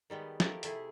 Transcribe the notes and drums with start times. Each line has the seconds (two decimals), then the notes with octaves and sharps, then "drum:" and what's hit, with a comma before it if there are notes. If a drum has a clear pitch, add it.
0.10 D#3 G3 G#3 B3
0.40 F3 A3 E4 G4 A4 A#4, drum: snare
0.63 C3 A3 E4 G#4, drum: hi-hat